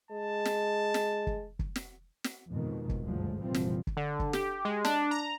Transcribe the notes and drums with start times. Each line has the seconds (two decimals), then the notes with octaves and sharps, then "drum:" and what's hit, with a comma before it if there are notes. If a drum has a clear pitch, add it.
0.11 G#3 A5
0.45 drum: snare
0.94 drum: snare
1.27 drum: kick
1.59 drum: kick
1.76 drum: snare
2.24 drum: snare
2.51 F2 G#2 B2 D#3
2.89 drum: kick
3.02 F#1 D2 G2 F3 F#3 G#3
3.41 F1 A#2 E3 F3 G3 C4
3.54 drum: snare
3.87 drum: kick
3.97 D3
4.19 drum: kick
4.33 G4, drum: snare
4.65 G#3
4.85 D4, drum: snare
5.11 A#5